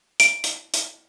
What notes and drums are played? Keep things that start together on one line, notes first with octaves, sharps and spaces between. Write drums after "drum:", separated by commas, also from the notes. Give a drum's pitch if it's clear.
D7, drum: hi-hat
drum: hi-hat
drum: hi-hat